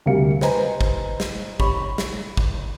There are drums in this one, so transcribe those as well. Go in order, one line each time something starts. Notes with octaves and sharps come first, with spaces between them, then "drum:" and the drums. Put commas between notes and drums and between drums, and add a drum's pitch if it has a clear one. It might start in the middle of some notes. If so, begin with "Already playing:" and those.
D2 C3 G3 A#4 F5 C#7
B4 C5 D#5 G#5 A#5, drum: snare
drum: kick
drum: snare
G4 C#5 B5 C#6, drum: kick
B5
drum: snare
drum: kick